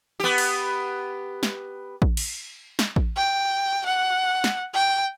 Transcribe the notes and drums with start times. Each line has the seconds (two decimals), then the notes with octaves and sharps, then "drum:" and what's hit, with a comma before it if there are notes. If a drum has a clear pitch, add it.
0.20 B3 G4
0.38 drum: cymbal
1.43 drum: snare
2.02 drum: kick A1
2.17 drum: cymbal
2.79 drum: snare
2.96 drum: kick A1
3.17 G5
3.86 F#5
4.44 drum: snare
4.74 G5